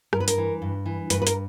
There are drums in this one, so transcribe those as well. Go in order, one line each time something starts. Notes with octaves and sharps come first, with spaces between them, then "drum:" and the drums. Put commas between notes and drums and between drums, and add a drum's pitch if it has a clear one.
G2 A#4, drum: rim click
B4
A#4, drum: hi-hat
E3
G2
E3
G2 B4, drum: hi-hat
B4
A#4, drum: hi-hat